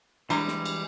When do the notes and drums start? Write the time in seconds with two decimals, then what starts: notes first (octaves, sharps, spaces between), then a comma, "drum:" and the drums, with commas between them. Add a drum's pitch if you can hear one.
0.30 E3 G3 G#3 D4 A#5, drum: cymbal
0.48 drum: snare
0.65 drum: cymbal